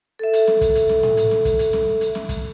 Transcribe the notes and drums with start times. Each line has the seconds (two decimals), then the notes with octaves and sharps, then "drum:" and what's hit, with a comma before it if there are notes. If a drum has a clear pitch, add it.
0.19 A4 E5
0.33 drum: hi-hat
0.47 drum: snare
0.61 drum: kick, hi-hat
0.75 drum: hi-hat
0.89 drum: snare
1.03 drum: tom A2
1.17 drum: hi-hat
1.31 drum: snare
1.45 drum: kick, hi-hat
1.59 drum: hi-hat
1.73 drum: snare
2.01 drum: hi-hat
2.15 drum: snare
2.29 drum: kick, hi-hat